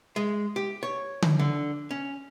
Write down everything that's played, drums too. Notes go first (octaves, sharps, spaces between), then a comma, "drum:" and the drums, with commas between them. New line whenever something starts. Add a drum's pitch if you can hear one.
G#3
G4
C#5
drum: tom D3
D3
C#4